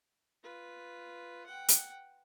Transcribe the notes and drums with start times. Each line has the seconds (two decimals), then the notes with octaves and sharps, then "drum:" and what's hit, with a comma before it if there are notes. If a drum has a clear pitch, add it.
0.44 F4 B4
1.46 F#5 G5
1.68 drum: hi-hat